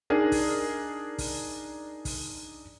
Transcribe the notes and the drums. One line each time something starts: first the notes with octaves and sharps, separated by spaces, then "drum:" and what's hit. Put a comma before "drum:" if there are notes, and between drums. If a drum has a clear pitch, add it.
D4 D#4 G#4 A#4
drum: kick, open hi-hat
drum: kick, open hi-hat
drum: kick, open hi-hat